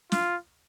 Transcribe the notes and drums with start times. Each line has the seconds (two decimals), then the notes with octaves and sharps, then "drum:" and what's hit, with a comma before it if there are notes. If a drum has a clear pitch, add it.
0.12 F4, drum: snare